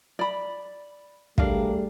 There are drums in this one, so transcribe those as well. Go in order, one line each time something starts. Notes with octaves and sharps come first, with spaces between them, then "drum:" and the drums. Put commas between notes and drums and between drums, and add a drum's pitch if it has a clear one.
D5 B5
G3 A3 D4 G#4 A#4 F5, drum: kick